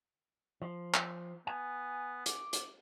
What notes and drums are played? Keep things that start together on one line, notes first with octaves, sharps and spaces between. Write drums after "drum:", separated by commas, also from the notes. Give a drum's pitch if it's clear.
F3
drum: clap
B3 G#5
D6, drum: hi-hat
drum: hi-hat